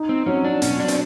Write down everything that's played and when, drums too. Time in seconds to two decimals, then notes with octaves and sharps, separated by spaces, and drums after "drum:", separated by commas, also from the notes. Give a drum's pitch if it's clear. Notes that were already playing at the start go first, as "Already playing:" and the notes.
Already playing: D#4
0.09 C4
0.26 F#3 C#4
0.44 D4
0.62 B2 C#4, drum: hi-hat
0.80 D4
0.88 C4, drum: hi-hat